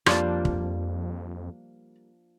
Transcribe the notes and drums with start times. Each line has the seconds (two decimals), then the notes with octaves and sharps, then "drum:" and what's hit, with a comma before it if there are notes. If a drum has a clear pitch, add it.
0.06 F2 F3 G3 A#3 D4 F4 D5, drum: rim click
0.45 drum: kick